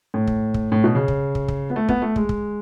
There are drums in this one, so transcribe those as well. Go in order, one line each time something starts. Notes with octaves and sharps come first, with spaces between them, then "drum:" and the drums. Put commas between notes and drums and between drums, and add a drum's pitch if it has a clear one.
A2
drum: kick
drum: kick
A2
B2
C#3
drum: kick
drum: kick
drum: kick
B3
A3
B3, drum: kick
A3
G#3, drum: kick
drum: kick